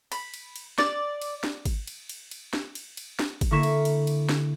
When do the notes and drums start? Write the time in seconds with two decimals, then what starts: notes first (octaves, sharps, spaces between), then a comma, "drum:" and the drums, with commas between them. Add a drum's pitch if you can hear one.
0.12 B5, drum: cymbal
0.34 drum: cymbal
0.56 drum: cymbal
0.78 D5, drum: snare
1.22 drum: cymbal
1.44 drum: snare
1.65 drum: kick G#1, cymbal
1.87 drum: cymbal
2.09 drum: cymbal
2.31 drum: cymbal
2.53 drum: snare
2.75 drum: cymbal
2.97 drum: cymbal
3.19 drum: snare
3.41 drum: kick G#1, cymbal
3.51 D3 A#3 E4 C#6 B6 E7
3.63 drum: cymbal
3.85 drum: cymbal
4.07 drum: cymbal
4.29 drum: snare